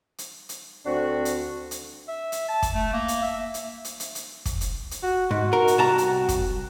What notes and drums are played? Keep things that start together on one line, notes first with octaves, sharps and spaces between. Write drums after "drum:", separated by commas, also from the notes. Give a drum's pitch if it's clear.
drum: hi-hat
drum: hi-hat
D2 C4 D4 F#4
drum: hi-hat
drum: hi-hat
E5
drum: hi-hat
A5
drum: kick, hi-hat
A3
A#3
drum: hi-hat
E5
drum: hi-hat
drum: hi-hat
drum: hi-hat
drum: hi-hat
drum: kick, hi-hat
drum: hi-hat
drum: hi-hat
F#4
G#2 F#4
A#4
drum: hi-hat
C2 A5 A#5
drum: hi-hat
drum: kick, hi-hat